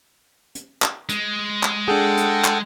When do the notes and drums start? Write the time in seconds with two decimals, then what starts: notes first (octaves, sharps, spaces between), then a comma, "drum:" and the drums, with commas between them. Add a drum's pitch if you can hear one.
0.55 drum: hi-hat
0.82 drum: clap
1.09 G#3, drum: hi-hat
1.63 drum: clap
1.88 D4 G#4 A4 F#5 G5
2.17 drum: hi-hat
2.44 drum: clap